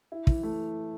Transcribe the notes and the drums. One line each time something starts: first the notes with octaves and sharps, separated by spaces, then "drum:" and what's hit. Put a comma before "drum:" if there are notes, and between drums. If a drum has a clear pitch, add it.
E4
E3, drum: kick
A3